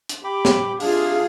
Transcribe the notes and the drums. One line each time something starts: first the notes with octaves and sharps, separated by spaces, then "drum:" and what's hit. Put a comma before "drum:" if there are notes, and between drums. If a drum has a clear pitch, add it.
drum: hi-hat
G4 G5 B5 D6
drum: snare
C3 G#3 D4 F4 G#4 F5, drum: open hi-hat